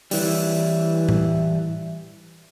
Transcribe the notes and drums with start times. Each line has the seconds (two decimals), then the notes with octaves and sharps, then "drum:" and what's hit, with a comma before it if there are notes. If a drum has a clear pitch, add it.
0.11 E3 G3, drum: open hi-hat
1.09 drum: tom A2